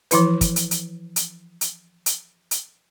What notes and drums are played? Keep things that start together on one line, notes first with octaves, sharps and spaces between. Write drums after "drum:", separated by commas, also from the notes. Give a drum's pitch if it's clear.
E3 F3 E4 B4, drum: hi-hat
drum: kick, hi-hat
drum: hi-hat
drum: hi-hat
drum: hi-hat
drum: hi-hat
drum: hi-hat
drum: hi-hat